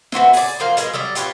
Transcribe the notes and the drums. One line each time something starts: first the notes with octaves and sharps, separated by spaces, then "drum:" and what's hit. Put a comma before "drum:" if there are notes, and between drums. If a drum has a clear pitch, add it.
B3 F#4 C5 E5, drum: snare
G#4 D5, drum: open hi-hat
F3 A#3 C5 F5
B2 G#3, drum: hi-hat
F#3 G3 D5 D#5
F4 G4 B4 C#5, drum: hi-hat